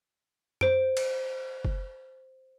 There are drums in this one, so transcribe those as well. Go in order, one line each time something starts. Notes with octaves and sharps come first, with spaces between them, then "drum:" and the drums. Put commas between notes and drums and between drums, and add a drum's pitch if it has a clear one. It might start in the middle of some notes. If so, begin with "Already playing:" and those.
C5 D7, drum: tom F#2
drum: cymbal
drum: kick F#1